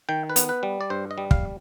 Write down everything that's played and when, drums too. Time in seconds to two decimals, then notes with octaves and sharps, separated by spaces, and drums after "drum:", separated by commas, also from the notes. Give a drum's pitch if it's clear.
0.09 D#3 G5
0.30 B4
0.36 B3, drum: hi-hat
0.49 B4
0.63 G3
0.81 D5
0.90 G2 C5
1.11 D#5
1.18 G3
1.31 F5, drum: kick